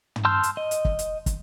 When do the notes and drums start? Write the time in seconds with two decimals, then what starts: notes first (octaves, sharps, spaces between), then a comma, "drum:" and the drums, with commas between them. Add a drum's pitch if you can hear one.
0.16 drum: tom
0.25 A5 C6 E6 F6 G6
0.43 drum: hi-hat
0.57 D#5
0.71 drum: hi-hat
0.85 drum: kick
0.99 drum: hi-hat
1.26 drum: kick, hi-hat